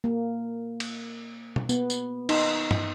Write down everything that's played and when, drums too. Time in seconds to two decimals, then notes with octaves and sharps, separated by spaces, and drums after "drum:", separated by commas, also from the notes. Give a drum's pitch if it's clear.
0.04 A#3
0.80 drum: cymbal
1.56 drum: tom B2
1.69 B3, drum: tambourine
1.90 drum: tambourine
2.29 D#4, drum: cymbal
2.71 drum: tom